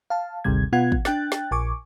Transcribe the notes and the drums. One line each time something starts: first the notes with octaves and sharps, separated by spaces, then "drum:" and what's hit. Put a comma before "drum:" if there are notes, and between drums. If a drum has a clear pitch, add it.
F5 A5
G#1 D2 C3 G3 G#6
B2 B3 F4 F#5 G#6
drum: kick
D4 G5 F#6 A6, drum: snare
drum: snare
A#1 G#5 C#6 D6